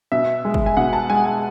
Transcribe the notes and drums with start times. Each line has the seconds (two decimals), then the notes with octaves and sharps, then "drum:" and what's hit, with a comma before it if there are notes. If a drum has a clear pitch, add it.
0.12 B2 E5
0.45 G#3
0.54 drum: kick
0.66 G#5
0.77 B2 F#5
0.93 A5
1.10 G#3 G#5
1.26 G#5